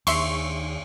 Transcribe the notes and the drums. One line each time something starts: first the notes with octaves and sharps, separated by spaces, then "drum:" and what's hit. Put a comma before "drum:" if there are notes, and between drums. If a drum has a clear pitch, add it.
D#2 E5 C6 C#6, drum: cymbal